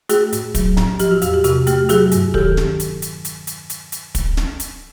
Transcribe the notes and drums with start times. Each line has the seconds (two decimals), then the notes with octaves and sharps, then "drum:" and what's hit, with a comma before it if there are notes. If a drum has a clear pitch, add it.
0.09 A3 F#4 G#4, drum: hi-hat
0.33 A2, drum: hi-hat
0.55 F#3, drum: kick, hi-hat
0.77 A2, drum: snare
0.99 F3 G4, drum: hi-hat
1.11 F#4
1.22 E2 F#4, drum: hi-hat
1.34 G4
1.44 C3 F#4, drum: hi-hat
1.67 A3 G4, drum: hi-hat
1.89 F#3 F#4 G#4, drum: hi-hat
2.12 G2, drum: hi-hat
2.34 D#3 G4 A4, drum: kick
2.57 drum: snare
2.80 drum: hi-hat
3.02 drum: hi-hat
3.25 drum: hi-hat
3.47 drum: hi-hat
3.70 drum: hi-hat
3.92 drum: hi-hat
4.15 drum: kick, hi-hat
4.37 drum: snare
4.60 drum: hi-hat